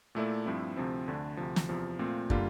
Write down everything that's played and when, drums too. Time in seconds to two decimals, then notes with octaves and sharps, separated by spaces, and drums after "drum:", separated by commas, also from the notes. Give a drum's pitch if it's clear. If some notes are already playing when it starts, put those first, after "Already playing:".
0.15 A#2 A3 E4 A4 D5
0.46 G2 F3 C4 E4
0.76 D2 C3 F3 C4
1.08 D2 D3 A3 D4
1.37 D2 C3 F3
1.56 drum: snare
1.69 E2 C3 F3
1.99 A#2 A3 C4 F4
2.30 D3 G3 A#3 F4, drum: kick